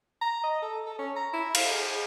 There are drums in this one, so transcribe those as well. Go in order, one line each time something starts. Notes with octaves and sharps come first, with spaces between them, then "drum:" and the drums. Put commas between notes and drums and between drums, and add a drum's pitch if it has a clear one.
A#5
D#5
A4
A4
C#4
A#5
E4
F5, drum: cymbal
G#4
G#4